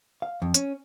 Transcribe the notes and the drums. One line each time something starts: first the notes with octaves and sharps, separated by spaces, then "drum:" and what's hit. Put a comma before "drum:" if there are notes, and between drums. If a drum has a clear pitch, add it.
F5
F2
C#4, drum: hi-hat